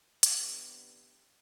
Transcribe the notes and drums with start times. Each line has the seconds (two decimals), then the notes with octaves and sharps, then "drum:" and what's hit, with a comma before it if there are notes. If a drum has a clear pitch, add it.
0.23 C3 E3 B3 D4 G4, drum: hi-hat